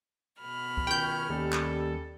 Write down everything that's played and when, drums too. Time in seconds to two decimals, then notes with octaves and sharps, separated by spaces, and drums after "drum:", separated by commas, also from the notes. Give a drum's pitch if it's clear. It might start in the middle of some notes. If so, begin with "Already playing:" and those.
0.40 B2 B5 F6
0.77 drum: kick
0.87 C#2 D#3 C#4 G5 G6
1.30 D#2 G3 C#4 A4
1.52 drum: clap